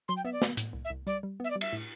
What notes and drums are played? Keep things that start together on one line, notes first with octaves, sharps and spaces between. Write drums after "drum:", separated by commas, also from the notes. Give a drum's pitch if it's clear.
F#3 C6
G5
B3 E5
D5
B3, drum: snare
A2, drum: hi-hat
C2
E5
C2
G3 D5
G3
B3 E5
D5
G3
E5, drum: cymbal
A2